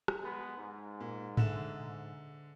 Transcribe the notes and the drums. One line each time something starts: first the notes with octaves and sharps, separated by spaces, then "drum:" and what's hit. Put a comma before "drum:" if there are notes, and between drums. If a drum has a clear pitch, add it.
drum: rim click
G#3 B3
G#2
A#2
D3 E5 E7, drum: tom G#2